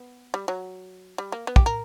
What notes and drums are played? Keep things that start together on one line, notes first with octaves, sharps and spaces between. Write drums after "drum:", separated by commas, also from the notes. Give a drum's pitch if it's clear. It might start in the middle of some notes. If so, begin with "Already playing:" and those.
Already playing: B3
G3
F#3
G3
A#3
B3
G4, drum: kick
A#4